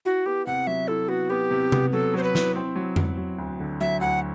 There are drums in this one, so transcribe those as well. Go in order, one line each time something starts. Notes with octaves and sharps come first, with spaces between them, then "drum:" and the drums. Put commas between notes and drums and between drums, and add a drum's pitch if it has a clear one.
E4 F#4
B3 G4
C3 F#5
F#3 E5
E4 A4
B3 F#4
B3 G4
C3
B3, drum: tom C3
F#3 A4
F#3 C5
B4
E4, drum: snare
C4
F#3
F#3, drum: tom F2
F#3
D2
D3
F#3 E5
D2 F#5